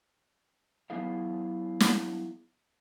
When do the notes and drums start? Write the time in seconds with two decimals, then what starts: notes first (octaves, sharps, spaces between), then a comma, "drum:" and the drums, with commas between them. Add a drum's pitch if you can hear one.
0.90 F#3 B3 E4 G#4 F5
1.80 drum: snare